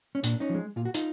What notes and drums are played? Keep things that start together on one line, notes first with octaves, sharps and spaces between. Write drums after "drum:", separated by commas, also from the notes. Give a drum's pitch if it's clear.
C#4
A#2 D4, drum: hi-hat
C#4 D#4
F3
G#3
A#2 F4
F#4
D#4 F4, drum: hi-hat